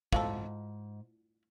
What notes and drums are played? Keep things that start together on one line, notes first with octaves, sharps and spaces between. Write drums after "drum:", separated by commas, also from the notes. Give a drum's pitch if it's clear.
G#2 F4 F#4 A4, drum: kick